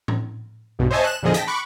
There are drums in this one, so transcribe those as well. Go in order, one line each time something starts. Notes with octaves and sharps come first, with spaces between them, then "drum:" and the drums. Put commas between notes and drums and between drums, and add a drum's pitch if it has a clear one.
drum: tom A2
B1 G2 B2
C5 C#5 D#5 E5 G#5 A5
F#6 E7
E2 A#2 D3 F3 G#4 D#5
G5 A5 A#6 B6, drum: hi-hat
B5 C#6 D6 F#6